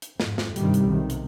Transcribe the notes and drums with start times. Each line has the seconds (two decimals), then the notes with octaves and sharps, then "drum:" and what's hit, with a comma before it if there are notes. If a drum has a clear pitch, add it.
0.02 drum: hi-hat
0.20 F2 G#2, drum: snare
0.38 drum: snare
0.56 G2 C3 D#3 G3, drum: hi-hat
0.74 drum: hi-hat
0.88 B1 C3 D#3
1.10 drum: hi-hat